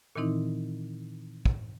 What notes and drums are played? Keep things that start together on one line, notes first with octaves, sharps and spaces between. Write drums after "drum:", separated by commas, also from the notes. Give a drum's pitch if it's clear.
A#2 D#3 E3 C4 D#4 E4
drum: kick